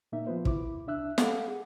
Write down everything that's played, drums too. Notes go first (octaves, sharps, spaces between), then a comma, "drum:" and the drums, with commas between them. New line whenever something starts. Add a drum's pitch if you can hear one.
A#2 A#3 D#4 E5
F3 B3 F4 B4 C5
D#2 E4 D6, drum: kick
C2 D4 E5 E6 F#6
A4 F5 F#5 D6, drum: snare
G#4